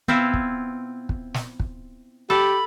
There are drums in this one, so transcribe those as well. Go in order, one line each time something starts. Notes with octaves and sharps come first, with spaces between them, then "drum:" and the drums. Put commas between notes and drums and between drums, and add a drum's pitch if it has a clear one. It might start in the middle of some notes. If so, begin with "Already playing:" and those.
B3 C4 E4 F4
drum: kick
drum: kick
drum: snare
drum: kick
G4 A4 B5